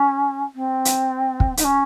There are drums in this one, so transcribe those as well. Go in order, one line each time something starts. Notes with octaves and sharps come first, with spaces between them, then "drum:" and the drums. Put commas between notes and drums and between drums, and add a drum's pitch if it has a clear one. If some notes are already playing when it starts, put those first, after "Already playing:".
Already playing: C#4
C4
drum: hi-hat
drum: kick
D#4, drum: hi-hat
C#4